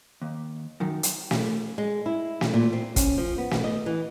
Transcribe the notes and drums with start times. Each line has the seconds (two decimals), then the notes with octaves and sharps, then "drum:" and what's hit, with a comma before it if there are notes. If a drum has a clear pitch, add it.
0.22 D#2
0.80 F#2 D#3
1.03 drum: hi-hat
1.31 drum: snare
1.78 G#3
2.06 E4
2.41 drum: snare
2.53 A#2
2.73 C4
2.96 C#4, drum: kick, hi-hat
3.18 F3
3.38 B3
3.51 drum: snare
3.64 D#5
3.86 E3